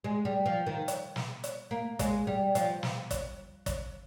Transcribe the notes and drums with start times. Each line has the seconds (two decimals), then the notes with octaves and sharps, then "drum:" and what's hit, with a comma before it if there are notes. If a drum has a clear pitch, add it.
0.04 G#3
0.25 G3
0.46 F3
0.66 D#3
0.88 drum: hi-hat
1.16 drum: snare
1.44 drum: hi-hat
1.71 A#3
1.99 G#3, drum: kick, hi-hat
2.27 G3
2.55 F3, drum: hi-hat
2.83 drum: snare
3.11 drum: kick, hi-hat
3.66 drum: kick, hi-hat